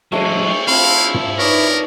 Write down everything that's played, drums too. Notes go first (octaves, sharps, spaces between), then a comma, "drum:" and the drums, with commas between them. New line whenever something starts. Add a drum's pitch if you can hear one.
F#3 G#3 A3, drum: cymbal
F3 C4 E4 F5
drum: tom
D#4 A#4 B4 C#5 D5